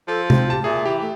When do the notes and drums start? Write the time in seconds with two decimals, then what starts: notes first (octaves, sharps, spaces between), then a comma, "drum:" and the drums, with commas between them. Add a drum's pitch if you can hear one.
0.08 F3 A4
0.30 C4, drum: tom C3
0.50 G4 A5
0.64 A#2 G#4 E5
0.85 E3 G4
1.01 A3